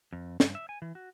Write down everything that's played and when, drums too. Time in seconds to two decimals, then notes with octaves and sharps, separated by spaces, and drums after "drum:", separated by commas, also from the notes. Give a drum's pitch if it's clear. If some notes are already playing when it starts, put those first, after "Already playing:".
0.13 F2
0.40 G2, drum: snare
0.55 E5
0.69 G#5
0.82 E3
0.95 F#4